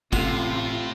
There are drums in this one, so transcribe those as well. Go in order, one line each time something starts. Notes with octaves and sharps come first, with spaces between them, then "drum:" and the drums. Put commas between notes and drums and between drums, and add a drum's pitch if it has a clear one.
A1 A2 C3 F4 F#5, drum: kick G1